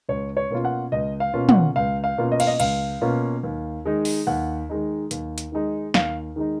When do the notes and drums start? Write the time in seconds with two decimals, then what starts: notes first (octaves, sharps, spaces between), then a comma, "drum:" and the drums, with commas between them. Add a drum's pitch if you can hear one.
0.09 C#2 C#5
0.37 C#5
0.50 B2 A#3 C#4 F4
0.65 F#5
0.92 C#2 D#5
1.20 F5
1.34 B2 A#3 C#4 F4
1.49 F#5, drum: tom
1.76 C#2 F5
2.04 F5
2.18 B2 A#3 C#4 F4
2.32 D#5
2.40 F5, drum: cymbal
2.47 D#5
2.60 C#2 F5, drum: cymbal
3.01 B2 A#3 C#4 F4
3.43 D#2
3.85 D#3 G#3 D#4
4.05 drum: open hi-hat
4.27 D#2 F#5
4.69 D#3 G#3 D#4
5.11 D#2, drum: hi-hat
5.38 drum: hi-hat
5.52 D#3 G#3 D#4
5.94 D#2 F5, drum: snare
6.36 D#3 G#3 D#4